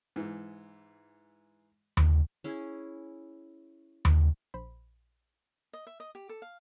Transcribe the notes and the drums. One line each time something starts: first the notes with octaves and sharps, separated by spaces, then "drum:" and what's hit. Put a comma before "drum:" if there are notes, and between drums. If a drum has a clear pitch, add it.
G#2 E3
drum: tom D#2
C#4 E4 G#4
drum: tom D#2
A#1 C5 B5
D#5
E5
D#5
G4
A4
F5